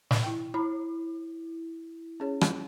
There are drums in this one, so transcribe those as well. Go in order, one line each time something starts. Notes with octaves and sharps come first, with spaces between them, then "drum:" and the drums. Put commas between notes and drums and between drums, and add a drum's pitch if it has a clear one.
drum: snare
E4 G5
E4 A#5 B5
C#4 G#4 C#5
drum: rim click